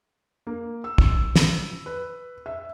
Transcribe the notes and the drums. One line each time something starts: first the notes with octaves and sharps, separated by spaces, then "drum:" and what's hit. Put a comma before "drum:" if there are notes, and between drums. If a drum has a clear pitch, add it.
A#3
E6
drum: kick
drum: snare
B4
E5